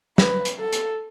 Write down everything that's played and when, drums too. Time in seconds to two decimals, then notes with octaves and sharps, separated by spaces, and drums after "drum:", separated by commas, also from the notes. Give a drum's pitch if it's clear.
0.18 B4, drum: snare
0.45 drum: hi-hat
0.59 A4
0.72 drum: hi-hat